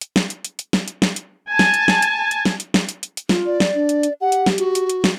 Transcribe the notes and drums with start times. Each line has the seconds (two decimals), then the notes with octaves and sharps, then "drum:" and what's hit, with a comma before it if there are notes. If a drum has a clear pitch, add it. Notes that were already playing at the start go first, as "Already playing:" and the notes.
0.01 drum: hi-hat
0.16 drum: snare
0.30 drum: hi-hat
0.45 drum: hi-hat
0.59 drum: hi-hat
0.73 drum: snare
0.88 drum: hi-hat
1.02 drum: snare
1.16 drum: hi-hat
1.49 G#5 A5
1.59 drum: snare
1.74 drum: hi-hat
1.88 drum: snare
2.02 drum: hi-hat
2.31 drum: hi-hat
2.45 drum: snare
2.60 drum: hi-hat
2.74 drum: snare
2.89 drum: hi-hat
3.03 drum: hi-hat
3.17 drum: hi-hat
3.29 F4, drum: snare
3.46 D5
3.60 drum: snare
3.74 D4
3.89 drum: hi-hat
4.03 drum: hi-hat
4.21 G4 F#5
4.32 drum: hi-hat
4.46 drum: snare
4.58 F#4, drum: hi-hat
4.75 drum: hi-hat
4.90 drum: hi-hat
5.04 drum: snare